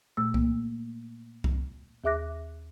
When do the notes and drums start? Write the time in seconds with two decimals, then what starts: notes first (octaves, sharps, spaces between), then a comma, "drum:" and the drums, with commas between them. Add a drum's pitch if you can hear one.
0.17 A#2 A3 E6
0.34 A#3, drum: kick C2
1.44 drum: kick C2
2.04 D#2 G#4 E5 D6 F#6 A#6